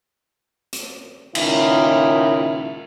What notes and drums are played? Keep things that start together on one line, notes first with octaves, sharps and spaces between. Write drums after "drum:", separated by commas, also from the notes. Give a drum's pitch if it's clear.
drum: hi-hat
C#2 A#2 D#3 E4, drum: cymbal